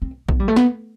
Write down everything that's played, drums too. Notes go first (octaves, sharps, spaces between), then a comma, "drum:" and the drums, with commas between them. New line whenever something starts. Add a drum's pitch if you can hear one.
C4
B3, drum: kick A#1
G3
A3
B3, drum: snare